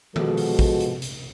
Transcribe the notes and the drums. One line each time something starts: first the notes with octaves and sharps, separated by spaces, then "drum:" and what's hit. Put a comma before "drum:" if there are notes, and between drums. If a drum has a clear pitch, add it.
B2 F3 G#3 F#4 A4, drum: tom D#3
drum: open hi-hat
drum: kick, open hi-hat
drum: hi-hat
drum: hi-hat